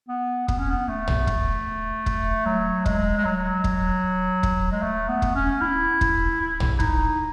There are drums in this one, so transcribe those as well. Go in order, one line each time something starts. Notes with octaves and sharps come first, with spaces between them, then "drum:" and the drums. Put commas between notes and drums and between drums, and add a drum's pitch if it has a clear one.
B3
B3, drum: kick
C#4
B3
A3
drum: tom
drum: kick
drum: kick
F#3
G#3, drum: kick
G#3
F#3
drum: kick
drum: kick
G#3
A3
B3
drum: kick
C#4
E4
drum: kick
E4
drum: tom
D#4, drum: kick